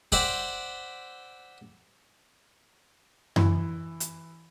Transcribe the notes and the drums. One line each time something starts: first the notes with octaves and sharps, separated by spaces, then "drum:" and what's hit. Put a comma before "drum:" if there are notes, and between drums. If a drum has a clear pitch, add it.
C5 D5 E5 F#5 G5, drum: kick
E3, drum: tom F#2
drum: hi-hat